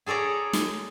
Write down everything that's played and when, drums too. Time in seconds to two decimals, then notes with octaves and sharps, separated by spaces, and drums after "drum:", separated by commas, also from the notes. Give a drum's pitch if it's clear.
0.06 G#4 A4 C#5 D5 A#5
0.53 drum: snare